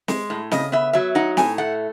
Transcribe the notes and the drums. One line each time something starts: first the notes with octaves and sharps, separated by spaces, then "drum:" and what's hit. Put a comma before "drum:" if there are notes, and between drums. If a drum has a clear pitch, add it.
G#3, drum: snare
A2
C#3 D#5, drum: snare
B3 E5
F#3 E5
D#4 F#5
A2 G#5, drum: snare
A3 F#5